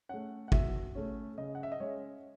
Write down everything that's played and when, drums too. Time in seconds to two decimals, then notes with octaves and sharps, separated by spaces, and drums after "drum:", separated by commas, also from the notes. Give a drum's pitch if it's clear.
0.09 A3 C#4 F#5
0.48 F#5
0.52 B2 E5, drum: kick
0.95 A3 C#4
1.38 C#3 D#5
1.55 F#5
1.63 E5
1.72 D#5
1.80 G#3 C#4 C#5